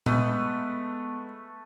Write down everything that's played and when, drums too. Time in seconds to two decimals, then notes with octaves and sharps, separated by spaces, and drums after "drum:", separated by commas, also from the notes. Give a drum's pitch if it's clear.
0.06 G#3 A3 B3 B4, drum: tom A#2